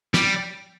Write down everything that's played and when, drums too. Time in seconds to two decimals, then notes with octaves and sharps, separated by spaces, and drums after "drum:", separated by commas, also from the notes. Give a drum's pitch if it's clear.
0.14 G3, drum: snare